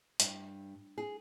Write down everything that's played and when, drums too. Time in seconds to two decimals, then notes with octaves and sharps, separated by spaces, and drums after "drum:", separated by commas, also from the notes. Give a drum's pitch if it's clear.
0.20 G2, drum: hi-hat
0.98 G#4